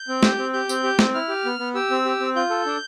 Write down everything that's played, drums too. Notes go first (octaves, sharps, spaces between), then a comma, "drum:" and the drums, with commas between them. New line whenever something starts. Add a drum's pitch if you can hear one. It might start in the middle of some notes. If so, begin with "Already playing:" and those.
Already playing: G6
C4
G4, drum: snare
C4
G4 G6
C4, drum: tambourine
G4
C4, drum: snare
E4 F6
G4
B3
B3
G4 E6
C4
G4
C4
F4 G6
A4
D4